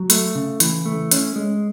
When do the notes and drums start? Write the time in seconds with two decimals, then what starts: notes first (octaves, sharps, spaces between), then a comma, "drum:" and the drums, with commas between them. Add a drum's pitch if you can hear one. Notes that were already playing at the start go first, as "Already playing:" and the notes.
Already playing: F#3
0.10 A3, drum: hi-hat
0.35 C#3
0.60 E3, drum: hi-hat
0.86 A3
1.11 C#4, drum: hi-hat
1.36 G#3